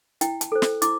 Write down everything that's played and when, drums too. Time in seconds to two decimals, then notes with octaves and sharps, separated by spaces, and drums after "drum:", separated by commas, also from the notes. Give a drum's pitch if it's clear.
0.21 E4 G5, drum: hi-hat
0.41 A5, drum: hi-hat
0.52 A4 C5
0.62 drum: snare
0.82 E4 D6, drum: hi-hat